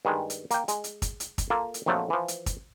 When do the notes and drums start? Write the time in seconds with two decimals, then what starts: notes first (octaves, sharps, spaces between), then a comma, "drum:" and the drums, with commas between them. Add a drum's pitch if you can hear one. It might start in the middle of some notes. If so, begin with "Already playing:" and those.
0.05 G2 D#3 G#3
0.30 drum: hi-hat
0.51 A#3 G5, drum: hi-hat
0.68 G#3, drum: hi-hat
0.84 drum: hi-hat
1.02 drum: kick, hi-hat
1.20 drum: hi-hat
1.38 drum: kick, hi-hat
1.50 A#3 F4 A4
1.74 drum: hi-hat
1.86 A#1 F2 F3 F#3 A3
2.10 E3 F3
2.28 drum: hi-hat
2.46 drum: kick, hi-hat